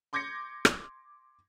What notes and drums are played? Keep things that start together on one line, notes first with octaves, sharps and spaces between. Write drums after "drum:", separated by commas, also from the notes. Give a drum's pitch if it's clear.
C6 D6 G6 G#6 A#6 C#7
drum: rim click